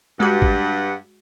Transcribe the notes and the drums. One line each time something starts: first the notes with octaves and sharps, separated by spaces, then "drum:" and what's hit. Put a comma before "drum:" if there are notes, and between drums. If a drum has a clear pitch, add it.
G2 G#3 F#4 F#5
drum: kick